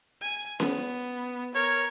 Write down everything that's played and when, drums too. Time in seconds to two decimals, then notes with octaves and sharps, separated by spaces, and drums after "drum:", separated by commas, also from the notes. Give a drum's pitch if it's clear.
0.21 G#5
0.60 B3, drum: snare C#4
1.55 A#4 C#5